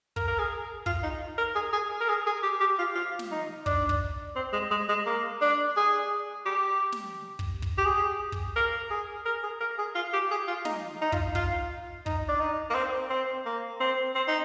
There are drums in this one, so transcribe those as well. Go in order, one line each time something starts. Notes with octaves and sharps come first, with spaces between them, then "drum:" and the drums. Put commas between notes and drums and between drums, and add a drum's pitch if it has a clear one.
A#4, drum: kick
A#4
G#4
F4, drum: kick
D#4
A#4
G#4
G#4
A#4
G#4
G#4
G4
G4
F4
F4
drum: snare
D#4
D4, drum: kick
drum: kick
C4
G#3
G#3
G#3
A#3
D4
G#4
G4
drum: snare
drum: kick
drum: kick
G4
G#4
drum: kick
A#4
G#4
A#4
G#4
A#4
G#4
F4
G4
G#4
F4
D#4, drum: snare
D#4
F4, drum: kick
F4, drum: kick
D#4, drum: kick
D4
D#4
A#3
C4
C4
A#3
C4
C4
D#4